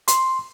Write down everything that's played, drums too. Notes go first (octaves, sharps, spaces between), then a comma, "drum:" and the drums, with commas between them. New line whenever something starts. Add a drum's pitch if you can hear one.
C6, drum: hi-hat